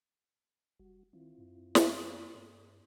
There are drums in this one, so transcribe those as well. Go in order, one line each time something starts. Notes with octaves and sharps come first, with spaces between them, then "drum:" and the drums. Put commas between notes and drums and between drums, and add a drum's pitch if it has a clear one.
F1 G3 F#4
D#3 C4 E4 F4
F#2
drum: snare
G2 A4